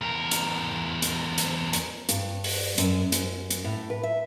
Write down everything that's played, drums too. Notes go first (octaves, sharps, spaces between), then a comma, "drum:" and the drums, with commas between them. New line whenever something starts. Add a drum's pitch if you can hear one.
E2 A#4
drum: hi-hat
drum: hi-hat
drum: hi-hat
drum: hi-hat
G2, drum: hi-hat
drum: open hi-hat
F#2, drum: hi-hat
F#2, drum: hi-hat
drum: hi-hat
A2
B4
E5